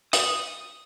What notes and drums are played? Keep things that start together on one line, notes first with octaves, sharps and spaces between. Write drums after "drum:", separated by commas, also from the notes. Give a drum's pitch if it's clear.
D#6, drum: hi-hat